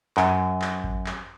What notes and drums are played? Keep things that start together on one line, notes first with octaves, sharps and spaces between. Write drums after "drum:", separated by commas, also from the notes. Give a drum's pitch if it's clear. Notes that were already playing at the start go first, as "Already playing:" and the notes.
F#2, drum: clap
drum: clap
drum: kick G#1
drum: clap